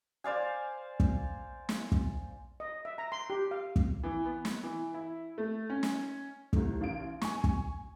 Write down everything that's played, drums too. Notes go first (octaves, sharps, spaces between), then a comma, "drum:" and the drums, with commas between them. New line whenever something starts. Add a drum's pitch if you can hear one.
C5 D5 F5 G#5
drum: kick
drum: snare
drum: kick
D#5
E5
A#5
C6
G4
F5
drum: kick
E3
B3
drum: snare
E3
E4
A3
C#4
drum: snare
C2 A3, drum: kick
A1 F5 D7
G#5 C#6, drum: snare
drum: kick